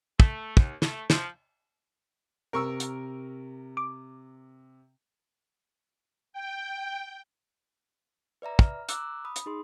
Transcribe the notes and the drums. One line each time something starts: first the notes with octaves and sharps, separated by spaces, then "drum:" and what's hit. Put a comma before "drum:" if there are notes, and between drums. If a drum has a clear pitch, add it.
A3, drum: kick
D#2, drum: kick
A3, drum: snare
F3, drum: snare
C3 A#4 C#6 E6
drum: hi-hat
D6
G5
B4 D5 E5 A#5
F6, drum: kick
A#5 D6 E6 F#6, drum: hi-hat
B5 D#6
drum: hi-hat
D#4 G#4 C6